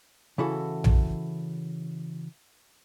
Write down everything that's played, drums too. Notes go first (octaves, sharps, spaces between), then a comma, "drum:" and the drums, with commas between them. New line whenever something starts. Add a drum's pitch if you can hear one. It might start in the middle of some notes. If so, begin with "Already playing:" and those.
C#3 E3 E4 F#4 A4
drum: tom A#1